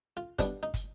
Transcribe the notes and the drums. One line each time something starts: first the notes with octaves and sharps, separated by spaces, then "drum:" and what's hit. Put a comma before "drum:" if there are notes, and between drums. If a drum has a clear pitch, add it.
F4
B2 G3 B3 D4, drum: kick, hi-hat
D#4
drum: kick, hi-hat